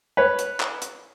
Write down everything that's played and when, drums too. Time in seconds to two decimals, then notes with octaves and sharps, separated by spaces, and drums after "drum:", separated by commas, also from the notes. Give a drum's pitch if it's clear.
0.17 B4 C#5
0.39 drum: hi-hat
0.60 drum: clap
0.82 drum: hi-hat